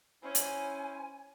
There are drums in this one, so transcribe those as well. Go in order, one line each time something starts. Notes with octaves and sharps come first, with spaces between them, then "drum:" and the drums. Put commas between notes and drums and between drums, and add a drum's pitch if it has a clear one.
C#4 E4 C5 G#5
drum: hi-hat